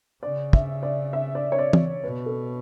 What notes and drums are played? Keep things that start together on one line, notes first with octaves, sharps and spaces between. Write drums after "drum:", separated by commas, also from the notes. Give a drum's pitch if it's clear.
C#3 D5
E5, drum: kick
D5
E5
D5
C#5
D5
drum: tom
B2 B4
A4